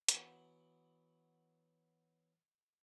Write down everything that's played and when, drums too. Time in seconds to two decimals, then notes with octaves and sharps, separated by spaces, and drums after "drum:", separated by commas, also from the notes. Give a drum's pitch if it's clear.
0.09 E3 F#3 B3, drum: hi-hat